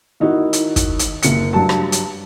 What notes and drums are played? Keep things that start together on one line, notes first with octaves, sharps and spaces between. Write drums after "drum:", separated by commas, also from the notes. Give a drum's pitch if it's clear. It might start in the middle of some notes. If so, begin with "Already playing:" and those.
D#3 D#4 E4 F#4
drum: hi-hat
drum: kick, hi-hat
drum: hi-hat
F#1 C#7, drum: hi-hat
G2 F#3 A5
drum: rim click
drum: hi-hat